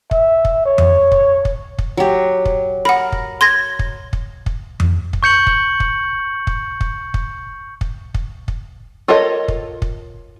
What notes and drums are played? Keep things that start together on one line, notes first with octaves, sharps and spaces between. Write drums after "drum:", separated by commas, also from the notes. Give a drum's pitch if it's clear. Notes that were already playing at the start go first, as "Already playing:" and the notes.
E5, drum: kick
drum: kick
C#5
drum: tom F2
drum: kick
drum: kick
drum: kick
F#3 G4
drum: kick
A#4 F#5 B5
drum: kick
C6 G#6 A#6
drum: kick
drum: kick
drum: kick
drum: tom F2
drum: kick
C#6 G6 C#7 F#7
drum: kick
drum: kick
drum: kick
drum: kick
drum: kick
drum: kick
drum: kick
drum: kick
F4 A4 A#4 C#5 D#5
drum: kick
drum: kick